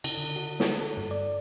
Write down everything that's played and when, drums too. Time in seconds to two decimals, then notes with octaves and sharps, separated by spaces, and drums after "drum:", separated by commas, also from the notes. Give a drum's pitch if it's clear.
0.04 C#3, drum: cymbal
0.17 D3
0.36 F#4
0.60 drum: snare
0.79 A4
0.97 G2
1.11 D5